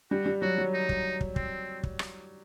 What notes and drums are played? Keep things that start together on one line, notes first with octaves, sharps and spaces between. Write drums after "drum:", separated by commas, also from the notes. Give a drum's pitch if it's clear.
G3 F#4
G3
F#3 F#4
F#3
D#4
drum: kick
drum: kick
C4, drum: kick
drum: kick
drum: rim click